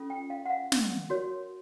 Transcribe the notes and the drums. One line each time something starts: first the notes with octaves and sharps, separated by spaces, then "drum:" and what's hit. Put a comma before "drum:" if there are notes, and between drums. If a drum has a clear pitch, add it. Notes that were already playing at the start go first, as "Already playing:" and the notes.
Already playing: C#4 F4 A4
G5
F5
F#5
F5
drum: snare
F#4 A#4 C#5